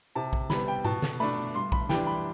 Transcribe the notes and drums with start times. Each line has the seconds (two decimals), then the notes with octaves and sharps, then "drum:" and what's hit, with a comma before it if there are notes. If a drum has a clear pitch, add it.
0.15 C3 A5
0.33 drum: kick A#1
0.50 G3 B3 B5, drum: snare
0.68 G5
0.85 B2 A5, drum: tom G#2
1.02 drum: snare
1.20 A3 D4 B5
1.55 G2 C6
1.72 B5, drum: kick A#1
1.89 E3 G3 D4 G5, drum: snare
2.07 B5